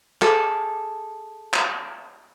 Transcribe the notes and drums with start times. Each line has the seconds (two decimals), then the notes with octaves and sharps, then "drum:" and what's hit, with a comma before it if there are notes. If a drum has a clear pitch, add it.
0.22 G#4 A4, drum: clap
1.54 drum: clap